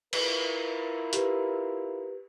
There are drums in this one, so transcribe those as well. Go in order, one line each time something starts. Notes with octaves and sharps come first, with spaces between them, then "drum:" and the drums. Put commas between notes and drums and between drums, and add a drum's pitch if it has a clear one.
E4 F4 A#4 B4, drum: cymbal
G4 B4, drum: hi-hat